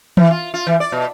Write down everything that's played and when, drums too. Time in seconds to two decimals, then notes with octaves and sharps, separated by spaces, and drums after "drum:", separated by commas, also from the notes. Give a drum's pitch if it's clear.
0.17 E3, drum: tom E3
0.31 F4
0.54 F4
0.67 E3
0.80 D5
0.92 B2